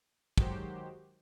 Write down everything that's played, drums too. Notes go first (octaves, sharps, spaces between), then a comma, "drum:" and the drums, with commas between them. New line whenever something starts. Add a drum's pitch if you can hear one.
D#3 F#3 G#3 F#4 G4 C5, drum: kick